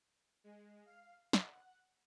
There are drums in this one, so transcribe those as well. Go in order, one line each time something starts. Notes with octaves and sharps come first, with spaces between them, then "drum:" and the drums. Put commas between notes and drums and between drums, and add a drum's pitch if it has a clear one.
G#3
F5
F#5, drum: snare